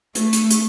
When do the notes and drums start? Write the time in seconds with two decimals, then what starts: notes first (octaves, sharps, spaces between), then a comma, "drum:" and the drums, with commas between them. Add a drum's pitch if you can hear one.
0.15 A3, drum: hi-hat
0.33 drum: hi-hat
0.50 drum: hi-hat